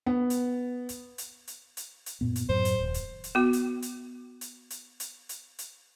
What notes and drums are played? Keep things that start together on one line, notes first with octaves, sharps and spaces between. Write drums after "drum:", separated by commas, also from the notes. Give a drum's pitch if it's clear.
B3
drum: hi-hat
drum: hi-hat
drum: hi-hat
drum: hi-hat
drum: hi-hat
drum: hi-hat
F#2 A#2 B3
drum: hi-hat
F#2 A2 F#3 C5
drum: hi-hat
D#1
drum: hi-hat
drum: hi-hat
B3 F#4
drum: hi-hat
drum: hi-hat
drum: hi-hat
drum: hi-hat
drum: hi-hat
drum: hi-hat
drum: hi-hat